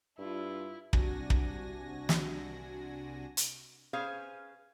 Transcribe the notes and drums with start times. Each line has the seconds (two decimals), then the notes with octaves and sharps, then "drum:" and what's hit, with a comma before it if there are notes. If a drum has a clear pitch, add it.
0.18 G2 D4 E4 F4
0.93 C2 C3 D4 F#4 G#5 A#6, drum: kick
1.30 drum: kick
2.09 drum: snare
3.37 drum: hi-hat
3.93 C#4 G#4 B4 C5 F5